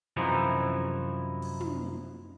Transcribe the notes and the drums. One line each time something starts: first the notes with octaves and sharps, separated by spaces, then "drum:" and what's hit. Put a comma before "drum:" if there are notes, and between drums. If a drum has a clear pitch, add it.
F#2 C3 E3 F3 D#4 E4
drum: open hi-hat
drum: tom